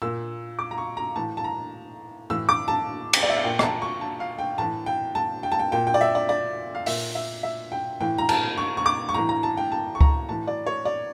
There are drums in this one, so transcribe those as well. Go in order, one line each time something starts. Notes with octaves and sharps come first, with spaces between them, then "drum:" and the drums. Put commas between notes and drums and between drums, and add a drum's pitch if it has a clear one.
A#2 E6
D6
A#5
C#6
A#5
A2 E3 A5
A5
A#5
A2 E3 E6
D6
A5
drum: cymbal
D5
E5
F5
A#2 G5
A#5, drum: rim click
A5
C#6
A5
F5
G5
A2 E3 A5
G5
A5
G5
A5
G5
A#2 G5
G5
D5
E5
D5
D5
F5
A#2 E5, drum: open hi-hat
E5
E5
G5
A2 E3 G5
A#5
A5, drum: cymbal
C#6
C#6
D6
C#6
A2 E3 A#5
A#5
A5
G5
A5
C#6
A#5, drum: kick C#2
A2 E3 A5
D5
C#5
D5